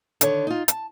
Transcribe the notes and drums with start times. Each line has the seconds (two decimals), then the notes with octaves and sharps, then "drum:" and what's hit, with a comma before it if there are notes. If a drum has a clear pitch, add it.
0.21 D3 D#3 C#5, drum: hi-hat
0.47 D#4 F4
0.68 A5, drum: hi-hat